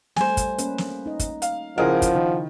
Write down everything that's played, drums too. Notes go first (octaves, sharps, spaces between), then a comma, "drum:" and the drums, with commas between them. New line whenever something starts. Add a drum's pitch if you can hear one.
G3 A3 C5 G#5, drum: snare
drum: kick, hi-hat
A#3 C#4 B4, drum: hi-hat
drum: snare
D#4 D#5
drum: kick, hi-hat
F5, drum: hi-hat
C#3 F3 C#4 E4 G#4 A#4 C5 F#5
drum: kick, hi-hat
D#3